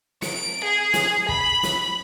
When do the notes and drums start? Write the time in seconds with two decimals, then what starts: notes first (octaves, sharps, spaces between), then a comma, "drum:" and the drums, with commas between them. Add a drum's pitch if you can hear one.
0.22 D7, drum: snare
0.64 G#4
0.94 drum: snare
1.29 B5, drum: kick
1.63 drum: snare